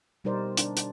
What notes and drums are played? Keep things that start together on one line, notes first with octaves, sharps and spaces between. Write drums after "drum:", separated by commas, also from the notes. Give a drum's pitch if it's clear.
B2 G3 D#4 A#4 C5 D5
D4, drum: hi-hat
drum: hi-hat